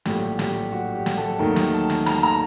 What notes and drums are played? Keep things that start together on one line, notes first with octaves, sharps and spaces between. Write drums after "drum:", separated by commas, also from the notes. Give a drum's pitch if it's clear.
A#1 A2 F#3 A3 G4, drum: snare
G4, drum: snare
F#4
G4
drum: snare
A4
D#2 D#3 F#3 A3 A#4
drum: snare
A5
drum: snare
A#5, drum: snare
A5
A#5